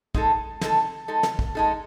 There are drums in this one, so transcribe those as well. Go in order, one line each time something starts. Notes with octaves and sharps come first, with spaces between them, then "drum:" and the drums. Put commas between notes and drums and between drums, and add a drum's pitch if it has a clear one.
G#3 D#4 A4, drum: kick
G#3 D#4 A4, drum: snare
G#3 D#4 A4
drum: snare
drum: kick
G#3 D#4 A4